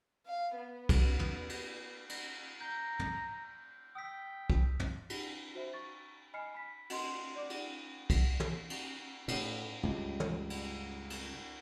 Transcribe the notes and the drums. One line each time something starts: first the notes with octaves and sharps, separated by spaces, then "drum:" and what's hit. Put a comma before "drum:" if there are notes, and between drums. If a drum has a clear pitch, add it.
F5
B3
drum: kick B1, cymbal
drum: tom
drum: cymbal
drum: cymbal
A#5 G6 G7
drum: tom
G5 D#6 E6 B6
drum: kick B1
drum: tom
drum: cymbal
F#4 C5 E5
C#6 A6
D#5 G#5 B5 F6 C7 C#7
B5 B6
F#4 D#5 C6, drum: cymbal
D5 D6
drum: cymbal
drum: kick B1, cymbal
drum: tom
drum: cymbal
A2, drum: cymbal
C#2 G2
drum: tom
drum: cymbal
drum: cymbal